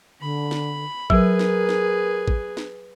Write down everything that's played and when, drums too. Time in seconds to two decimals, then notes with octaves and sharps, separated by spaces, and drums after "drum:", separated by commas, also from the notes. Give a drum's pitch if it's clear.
0.21 D3 B5
0.51 drum: snare
1.10 F#3 G#4 A#4 B4, drum: kick
1.39 drum: snare
1.69 drum: snare
2.28 drum: kick
2.57 drum: snare